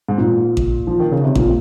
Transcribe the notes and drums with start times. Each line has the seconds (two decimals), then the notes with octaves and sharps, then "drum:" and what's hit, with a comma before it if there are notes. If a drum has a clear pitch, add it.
0.09 G#2
0.18 A#2
0.57 drum: kick A1
0.87 F3
0.99 D#3
1.12 C#3
1.24 C3
1.35 A#2, drum: kick A1